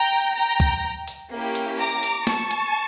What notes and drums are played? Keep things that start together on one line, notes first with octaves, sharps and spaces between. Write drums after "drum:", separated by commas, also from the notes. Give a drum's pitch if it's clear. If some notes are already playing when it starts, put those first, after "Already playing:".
Already playing: G5 A#5
G5 A#5
drum: kick, hi-hat
drum: open hi-hat
A#3 C#4 E4 G4
drum: hi-hat
A#5 D6
drum: open hi-hat
A5 C#6, drum: snare
drum: hi-hat